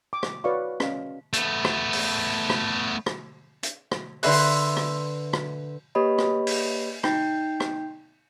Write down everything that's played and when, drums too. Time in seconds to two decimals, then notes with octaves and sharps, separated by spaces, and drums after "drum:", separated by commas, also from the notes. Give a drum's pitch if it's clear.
0.13 D6
0.23 drum: rim click
0.44 F#4 B4 C#5 D5 F5 C#6
0.80 C#4 D#5 F5, drum: rim click
1.33 A3 B3, drum: hi-hat
1.65 drum: rim click
1.93 drum: open hi-hat
2.50 drum: rim click
3.06 drum: rim click
3.63 drum: hi-hat
3.91 drum: rim click
4.23 D3 B4 E5 C6 F#6, drum: open hi-hat
4.77 drum: rim click
5.33 drum: rim click
5.95 A#3 G4 B4 C#5 D#5 B5
6.18 drum: rim click
6.47 drum: open hi-hat
7.03 D#4 G5 G6 C7, drum: rim click
7.60 drum: rim click